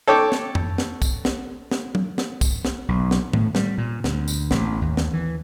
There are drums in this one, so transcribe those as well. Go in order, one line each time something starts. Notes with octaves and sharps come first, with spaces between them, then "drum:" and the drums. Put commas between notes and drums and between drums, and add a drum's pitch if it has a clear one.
A4 C#5 G5 D6
drum: snare
drum: tom F2
drum: snare
drum: kick, tambourine
drum: snare
drum: snare
drum: tom
drum: snare
drum: kick, tambourine
drum: snare
B1
drum: snare
A2, drum: tom
G3, drum: snare
A#2
D2, drum: snare
drum: tambourine
A1, drum: snare
D#2
drum: snare
E3